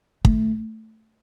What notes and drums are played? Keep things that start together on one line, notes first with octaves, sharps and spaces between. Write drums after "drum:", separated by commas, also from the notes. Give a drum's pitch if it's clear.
A3, drum: kick